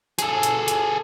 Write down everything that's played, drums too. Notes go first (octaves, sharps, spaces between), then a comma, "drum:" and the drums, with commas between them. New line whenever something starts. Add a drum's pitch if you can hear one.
G#4 A4, drum: hi-hat
drum: hi-hat
drum: hi-hat